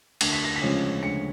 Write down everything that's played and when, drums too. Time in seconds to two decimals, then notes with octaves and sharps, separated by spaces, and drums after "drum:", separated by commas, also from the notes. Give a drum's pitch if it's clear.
0.21 D2 C7, drum: cymbal
0.33 B6
0.44 A#6
0.56 B6
0.62 C#3 F3 G#3 C#4
1.02 D2 C#7